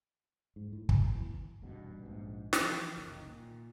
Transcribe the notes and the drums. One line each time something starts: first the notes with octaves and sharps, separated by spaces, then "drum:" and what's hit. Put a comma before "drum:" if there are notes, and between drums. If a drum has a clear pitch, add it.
G#2
A2
B2, drum: kick
E3
D#1 E2 G2 B2
A#1 G#2
drum: snare
E3 F3
F#1 C2 D#3
A#2